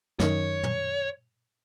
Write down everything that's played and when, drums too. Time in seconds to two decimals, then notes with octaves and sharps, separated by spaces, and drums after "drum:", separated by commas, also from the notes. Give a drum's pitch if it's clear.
0.20 F#2 D#3 C#5, drum: snare
0.63 drum: tom